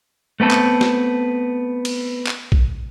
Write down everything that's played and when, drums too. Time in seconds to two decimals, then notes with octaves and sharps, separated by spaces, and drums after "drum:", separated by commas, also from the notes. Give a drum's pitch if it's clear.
0.40 A3 B3 C4 A4
0.51 drum: clap
0.81 drum: snare
1.85 drum: cymbal
2.27 drum: clap
2.52 drum: kick A#1